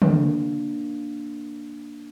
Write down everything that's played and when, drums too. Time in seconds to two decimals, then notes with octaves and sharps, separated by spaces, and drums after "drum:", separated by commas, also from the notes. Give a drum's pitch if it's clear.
0.02 A#3 D4, drum: tom C#3